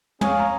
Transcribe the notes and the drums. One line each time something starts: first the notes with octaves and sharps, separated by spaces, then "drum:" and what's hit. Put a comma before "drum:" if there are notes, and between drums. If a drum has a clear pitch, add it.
C#4 G#4 C#5 F5 G#5, drum: tom
A#5